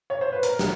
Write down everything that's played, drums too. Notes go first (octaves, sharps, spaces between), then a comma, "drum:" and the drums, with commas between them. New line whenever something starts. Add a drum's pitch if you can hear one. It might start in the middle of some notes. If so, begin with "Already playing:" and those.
C#5
C5
B4
A#4, drum: hi-hat
drum: snare